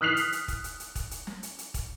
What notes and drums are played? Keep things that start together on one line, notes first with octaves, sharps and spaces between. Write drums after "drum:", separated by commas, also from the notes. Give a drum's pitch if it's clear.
D#6 F6 F#6 B6 C7 F7
drum: hi-hat
drum: hi-hat
drum: kick, hi-hat
drum: hi-hat
drum: hi-hat
drum: kick, hi-hat
drum: hi-hat
drum: snare
drum: hi-hat
drum: hi-hat
drum: kick, hi-hat